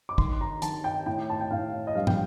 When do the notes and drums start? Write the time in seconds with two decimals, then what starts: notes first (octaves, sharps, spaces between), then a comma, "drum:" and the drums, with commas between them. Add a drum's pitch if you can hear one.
0.09 D6
0.18 D#3 C6, drum: kick
0.41 A#5
0.62 D#3 A5, drum: hi-hat
0.84 G5
1.06 A2 G5
1.30 A5
1.41 G5
1.51 A2 F5
1.87 D#5
1.95 G2 F5
2.07 G5, drum: tom